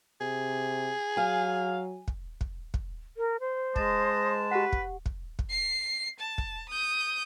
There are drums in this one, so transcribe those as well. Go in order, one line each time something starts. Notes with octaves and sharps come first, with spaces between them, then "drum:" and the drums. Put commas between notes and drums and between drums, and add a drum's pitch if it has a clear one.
C3 G#4
F#3 F5 G#5
drum: kick
drum: kick
drum: kick
A#4
C5
G#3 D#5 A5, drum: kick
G4 B4 F#5
drum: kick
drum: kick
drum: kick
C7
A5
drum: kick
D#6 G6